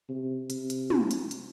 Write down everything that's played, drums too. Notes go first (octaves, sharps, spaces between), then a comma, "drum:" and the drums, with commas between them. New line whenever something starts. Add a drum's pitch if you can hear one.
C3
C3, drum: hi-hat
drum: hi-hat
drum: tom
drum: hi-hat
drum: hi-hat